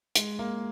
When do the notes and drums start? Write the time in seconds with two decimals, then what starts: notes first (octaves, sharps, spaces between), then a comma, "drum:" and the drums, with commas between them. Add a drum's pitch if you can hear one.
0.15 G#3, drum: hi-hat
0.39 A#3